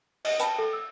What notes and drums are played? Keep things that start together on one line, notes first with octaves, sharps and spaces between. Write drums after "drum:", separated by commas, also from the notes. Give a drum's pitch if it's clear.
D#5, drum: cymbal
B4 G5 A5 B5, drum: hi-hat
A4
E6